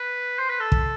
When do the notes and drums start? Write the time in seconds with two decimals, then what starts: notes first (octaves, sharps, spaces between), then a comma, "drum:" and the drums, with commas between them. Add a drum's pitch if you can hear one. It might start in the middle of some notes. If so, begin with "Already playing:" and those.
Already playing: B4
0.39 C5
0.49 B4
0.60 A4
0.72 drum: kick